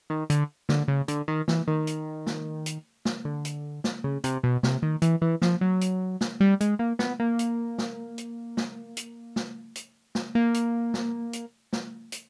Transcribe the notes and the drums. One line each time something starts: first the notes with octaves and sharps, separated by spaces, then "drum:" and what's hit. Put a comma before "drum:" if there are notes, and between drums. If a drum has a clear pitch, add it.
D#3
D3, drum: hi-hat
D3, drum: snare
C#3
D3, drum: hi-hat
D#3
E3, drum: snare
D#3
drum: hi-hat
drum: snare
drum: hi-hat
drum: snare
D3
drum: hi-hat
drum: snare
C#3
C3, drum: hi-hat
B2
C3, drum: snare
D#3
E3, drum: hi-hat
E3
F3, drum: snare
F#3
drum: hi-hat
drum: snare
G3
G#3, drum: hi-hat
A#3
B3, drum: snare
A#3
drum: hi-hat
drum: snare
drum: hi-hat
drum: snare
drum: hi-hat
drum: snare
drum: hi-hat
drum: snare
A#3
drum: hi-hat
drum: snare
drum: hi-hat
drum: snare
drum: hi-hat